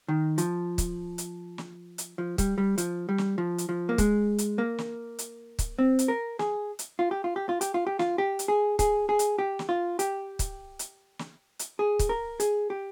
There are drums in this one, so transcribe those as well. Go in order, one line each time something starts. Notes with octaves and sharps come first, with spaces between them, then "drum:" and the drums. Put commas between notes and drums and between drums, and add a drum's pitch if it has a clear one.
D#3
F3, drum: hi-hat
drum: kick, hi-hat
drum: hi-hat
drum: snare
drum: hi-hat
F3
G3, drum: kick, hi-hat
G3
F3, drum: hi-hat
G3
drum: snare
F3
drum: hi-hat
F3
A#3
G#3, drum: kick, hi-hat
drum: hi-hat
A#3
drum: snare
drum: hi-hat
drum: kick, hi-hat
C4
drum: hi-hat
A#4
G#4, drum: snare
drum: hi-hat
F4
G4
F4
G4
F4
G4, drum: hi-hat
F4
G4
F4, drum: snare
G4
drum: hi-hat
G#4
G#4, drum: kick, hi-hat
G#4
drum: hi-hat
G4
drum: snare
F4
G4, drum: hi-hat
drum: kick, hi-hat
drum: hi-hat
drum: snare
drum: hi-hat
G#4
drum: kick, hi-hat
A#4
G#4, drum: hi-hat
G4